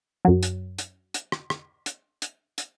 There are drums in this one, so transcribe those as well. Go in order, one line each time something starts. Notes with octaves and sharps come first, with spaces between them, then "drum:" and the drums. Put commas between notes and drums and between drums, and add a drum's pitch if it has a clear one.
F#2 F#3
drum: hi-hat
drum: hi-hat
drum: hi-hat
drum: rim click
drum: rim click
drum: hi-hat
drum: hi-hat
drum: hi-hat